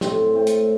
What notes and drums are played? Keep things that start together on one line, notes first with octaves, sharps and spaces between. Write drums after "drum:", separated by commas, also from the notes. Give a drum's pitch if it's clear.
A2 C4, drum: snare
A2 C4
drum: hi-hat